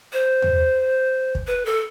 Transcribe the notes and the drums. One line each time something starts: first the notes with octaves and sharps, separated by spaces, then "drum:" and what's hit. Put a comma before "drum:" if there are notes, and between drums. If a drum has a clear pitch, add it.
C5
drum: tom
drum: kick
B4
A4